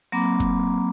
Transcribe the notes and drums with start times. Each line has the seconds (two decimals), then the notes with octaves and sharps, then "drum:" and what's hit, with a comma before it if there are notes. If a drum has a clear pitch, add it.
0.12 F#3 A#3 C4 A#5 B5 D6
0.40 drum: kick